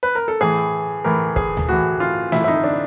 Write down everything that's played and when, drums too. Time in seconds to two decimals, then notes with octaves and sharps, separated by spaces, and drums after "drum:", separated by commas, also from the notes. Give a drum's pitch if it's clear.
0.03 B4
0.15 A#4
0.28 A4
0.41 A2 E3 G#4
1.04 A2 E3 A#4
1.36 G#4, drum: kick
1.57 drum: tom D2
1.68 A2 E3 F#4
2.00 F4
2.32 A2 E3 E4, drum: snare
2.44 E4
2.48 D#4
2.64 D4